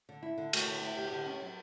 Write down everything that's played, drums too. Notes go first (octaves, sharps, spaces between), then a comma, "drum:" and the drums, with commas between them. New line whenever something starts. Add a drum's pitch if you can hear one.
D3
E4
D3
A3 F#4, drum: cymbal
D3
E4
D2 G4
D3
C#4
F#3